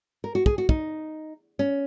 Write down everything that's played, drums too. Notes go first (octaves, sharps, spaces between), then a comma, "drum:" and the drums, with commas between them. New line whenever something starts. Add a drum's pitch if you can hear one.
A#4
F#4
G#4, drum: kick
F#4
D#4, drum: kick
C#4